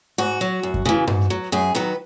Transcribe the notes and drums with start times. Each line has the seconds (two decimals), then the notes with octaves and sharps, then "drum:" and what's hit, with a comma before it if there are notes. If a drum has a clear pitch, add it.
0.18 G#2 F#4
0.41 F#3
0.63 F#2
0.74 drum: kick F#2
0.85 C#3 E3
1.07 G#2, drum: tom G2
1.30 F#3
1.52 F#2 G#4
1.75 D#3 F#3 B4